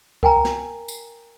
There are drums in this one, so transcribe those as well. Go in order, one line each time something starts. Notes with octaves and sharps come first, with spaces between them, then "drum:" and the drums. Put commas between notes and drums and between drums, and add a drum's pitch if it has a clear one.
A#4 G5 G#5 A#5, drum: kick C#2
drum: snare
drum: tambourine